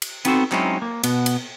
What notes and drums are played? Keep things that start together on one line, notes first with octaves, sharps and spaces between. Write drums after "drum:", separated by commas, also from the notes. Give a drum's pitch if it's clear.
drum: cymbal
B3 C4 D#4 F#4 A4 C5, drum: cymbal
F#3 G#3 C4 C#4 D#4 E4, drum: clap
A#3
B2 B3, drum: cymbal
drum: cymbal